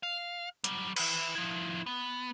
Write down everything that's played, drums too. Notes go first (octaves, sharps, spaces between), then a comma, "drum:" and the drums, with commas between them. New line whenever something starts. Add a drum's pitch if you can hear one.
F5
F#3 G3, drum: hi-hat
B4 E5, drum: cymbal
F3 E4
B3